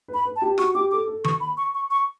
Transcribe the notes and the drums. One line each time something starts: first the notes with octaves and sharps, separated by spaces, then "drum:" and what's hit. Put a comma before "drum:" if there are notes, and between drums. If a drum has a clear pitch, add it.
B4
B5
B4
A5
G4
F#4 C#6, drum: rim click
G4 D6
A4 D6
A4
B4 C#6, drum: tom D#3
B5
C#6
C#6
C#6